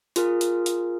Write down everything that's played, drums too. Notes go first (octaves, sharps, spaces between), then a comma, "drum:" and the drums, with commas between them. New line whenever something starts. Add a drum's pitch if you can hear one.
F4 G#4 A#4, drum: hi-hat
drum: hi-hat
drum: hi-hat